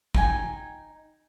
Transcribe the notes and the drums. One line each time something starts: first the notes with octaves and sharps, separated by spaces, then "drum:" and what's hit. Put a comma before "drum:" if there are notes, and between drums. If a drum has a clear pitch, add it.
D#4 G5 G#5, drum: kick